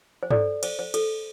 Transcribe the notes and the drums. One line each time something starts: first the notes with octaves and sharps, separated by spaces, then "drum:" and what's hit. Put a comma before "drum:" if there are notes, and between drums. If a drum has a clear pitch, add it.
C5
A4 D5, drum: tom
C5, drum: cymbal
C5
A4, drum: cymbal